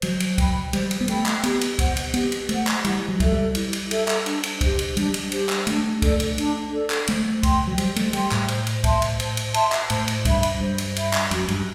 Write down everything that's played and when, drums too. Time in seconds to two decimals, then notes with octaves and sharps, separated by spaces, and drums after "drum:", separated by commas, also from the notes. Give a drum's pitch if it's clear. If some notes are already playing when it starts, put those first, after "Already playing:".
0.02 F#3 C5, drum: cymbal
0.20 drum: cymbal
0.38 G5 B5, drum: kick C2, cymbal
0.73 G3 C5, drum: cymbal
0.91 drum: cymbal
1.01 B3
1.08 A3 G5 B5, drum: cymbal
1.26 drum: clap
1.43 B3 G4, drum: cymbal
1.61 drum: cymbal
1.79 C5 F#5, drum: kick C2, cymbal
1.97 drum: cymbal
2.14 B3 G4, drum: cymbal
2.32 drum: cymbal
2.49 A3 C5 F#5, drum: cymbal
2.67 drum: clap
2.84 G3 E4, drum: cymbal
3.08 F#3
3.20 A4 E5, drum: kick C2, cymbal
3.32 G3
3.55 E4, drum: cymbal
3.73 drum: cymbal
3.91 A4 E5, drum: cymbal
4.08 drum: clap
4.26 D4, drum: cymbal
4.43 drum: cymbal
4.61 G4 C5, drum: kick C2, cymbal
4.79 drum: cymbal
4.97 G3 D4, drum: cymbal
5.14 drum: cymbal
5.32 G4 C5, drum: cymbal
5.49 drum: clap
5.67 A3 D4, drum: cymbal
6.02 A4 D5, drum: kick C2, cymbal
6.20 drum: cymbal
6.38 D4, drum: cymbal
6.72 A4 D5
6.90 drum: clap
7.07 A3 C5, drum: cymbal
7.43 G5 C6, drum: kick C2, cymbal
7.67 F#3
7.78 G3 C5, drum: cymbal
7.96 A3, drum: cymbal
8.13 G3 G5 C6, drum: cymbal
8.32 A2, drum: clap
8.48 C5, drum: cymbal
8.67 drum: cymbal
8.84 E5 A5 C6, drum: kick C2, cymbal
9.02 drum: cymbal
9.20 C5, drum: cymbal
9.37 drum: cymbal
9.54 E5 A5 C6, drum: cymbal
9.72 drum: clap
9.90 A2 C5, drum: cymbal
10.08 drum: cymbal
10.25 G2 E5 B5, drum: kick C2, cymbal
10.43 drum: cymbal
10.61 G2 C5
10.78 drum: cymbal
10.96 E5 B5, drum: cymbal
11.13 drum: clap
11.31 F#2 F#4, drum: cymbal
11.48 G2, drum: cymbal